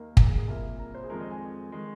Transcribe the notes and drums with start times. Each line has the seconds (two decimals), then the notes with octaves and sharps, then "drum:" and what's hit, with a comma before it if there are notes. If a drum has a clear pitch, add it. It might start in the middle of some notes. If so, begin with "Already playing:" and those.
Already playing: D#2 D#3 A#3
0.17 A#4, drum: kick
0.27 G#4
0.37 G#4
0.48 C2 A#2 A#3 A#4
0.78 A#4
0.94 C5
1.03 G#4
1.10 F2 D#3 G#3 A#4
1.20 D#5
1.31 G#5
1.72 D#3 G#3